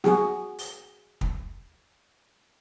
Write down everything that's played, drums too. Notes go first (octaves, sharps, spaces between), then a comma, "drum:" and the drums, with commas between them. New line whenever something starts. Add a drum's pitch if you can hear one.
F#4 G#4, drum: snare
drum: open hi-hat
drum: kick